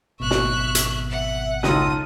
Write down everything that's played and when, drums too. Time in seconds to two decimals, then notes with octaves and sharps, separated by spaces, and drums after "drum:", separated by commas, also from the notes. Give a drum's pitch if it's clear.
0.20 G#1 F#2 B2 E5 C#6 F#6
0.31 drum: snare
0.75 drum: hi-hat
1.10 E5 F#5
1.63 C#2 D#4 F4 A4 D#6, drum: snare